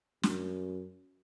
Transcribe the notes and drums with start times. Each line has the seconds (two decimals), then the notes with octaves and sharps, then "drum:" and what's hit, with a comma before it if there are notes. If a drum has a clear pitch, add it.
0.23 F#2, drum: snare